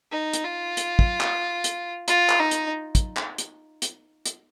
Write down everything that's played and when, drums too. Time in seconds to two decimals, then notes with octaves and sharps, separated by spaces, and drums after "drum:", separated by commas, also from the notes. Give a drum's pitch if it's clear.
0.11 D#4
0.34 drum: hi-hat
0.44 F4
0.77 drum: hi-hat
0.99 drum: kick
1.21 drum: clap
1.64 drum: hi-hat
2.08 F4, drum: hi-hat
2.30 drum: clap
2.40 D#4
2.51 drum: hi-hat
2.95 drum: kick, hi-hat
3.17 drum: clap
3.38 drum: hi-hat
3.82 drum: hi-hat
4.26 drum: hi-hat